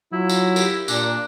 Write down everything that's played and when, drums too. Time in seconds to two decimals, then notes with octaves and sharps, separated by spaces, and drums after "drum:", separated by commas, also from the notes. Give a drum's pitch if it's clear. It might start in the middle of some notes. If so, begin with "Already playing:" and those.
0.13 F#3 E4 F4
0.29 drum: tambourine
0.56 G4 A#4, drum: tambourine
0.88 A#2 D4, drum: tambourine